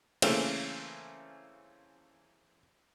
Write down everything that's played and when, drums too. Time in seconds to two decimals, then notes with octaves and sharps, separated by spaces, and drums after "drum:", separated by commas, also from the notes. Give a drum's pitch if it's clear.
0.22 C#3 E3 A3 A#3 C4 C#4, drum: cymbal